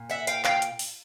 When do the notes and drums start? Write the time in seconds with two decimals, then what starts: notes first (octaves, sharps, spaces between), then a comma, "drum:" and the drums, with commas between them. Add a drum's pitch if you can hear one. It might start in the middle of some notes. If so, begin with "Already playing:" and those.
Already playing: A#2
0.10 E5 F#5
0.27 F5 G5, drum: hi-hat
0.45 F5 G5, drum: clap
0.62 drum: hi-hat
0.79 drum: open hi-hat